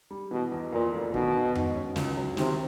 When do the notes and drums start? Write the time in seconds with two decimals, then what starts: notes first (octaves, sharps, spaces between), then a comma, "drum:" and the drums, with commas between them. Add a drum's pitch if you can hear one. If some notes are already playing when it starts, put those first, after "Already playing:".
0.11 G3
0.31 B2 E3
0.52 E2
0.72 F2 A#2
0.93 F1
1.14 B2 D#3, drum: kick
1.34 D#3
1.55 G#2, drum: tom F2
1.76 C#4
1.96 C#2, drum: snare
2.17 F#3
2.37 C3 D#3, drum: snare